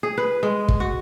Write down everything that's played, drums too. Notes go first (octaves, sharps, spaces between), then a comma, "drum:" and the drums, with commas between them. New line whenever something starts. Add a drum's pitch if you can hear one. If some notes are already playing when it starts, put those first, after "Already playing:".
G#4
B4
G#3
drum: kick
F#4